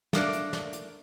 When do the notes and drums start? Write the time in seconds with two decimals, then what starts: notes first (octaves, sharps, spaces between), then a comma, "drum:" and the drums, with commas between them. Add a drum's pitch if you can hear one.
0.13 A3 A#3 D4 D5, drum: snare
0.33 drum: hi-hat
0.53 drum: snare
0.73 drum: hi-hat